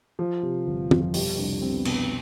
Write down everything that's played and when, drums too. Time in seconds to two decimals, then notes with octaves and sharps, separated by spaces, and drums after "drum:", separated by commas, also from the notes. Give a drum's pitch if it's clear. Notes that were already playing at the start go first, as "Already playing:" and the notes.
0.19 F3
0.43 C3
0.67 G1
0.91 F2, drum: tom
1.01 F3
1.14 B2 G3, drum: open hi-hat
1.38 C2 D4
1.61 C2 C4
1.74 B3
1.85 B2 B3, drum: cymbal
1.98 B3